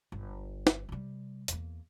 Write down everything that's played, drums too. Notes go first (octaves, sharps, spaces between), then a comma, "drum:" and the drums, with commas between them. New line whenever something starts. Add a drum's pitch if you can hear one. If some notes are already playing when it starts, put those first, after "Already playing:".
G1
drum: snare
C3 G3
E2 A#3, drum: hi-hat